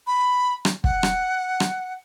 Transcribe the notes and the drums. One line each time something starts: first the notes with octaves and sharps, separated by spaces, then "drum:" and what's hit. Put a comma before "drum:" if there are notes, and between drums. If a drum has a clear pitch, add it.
B5
drum: rim click
F#5, drum: kick
drum: rim click
drum: rim click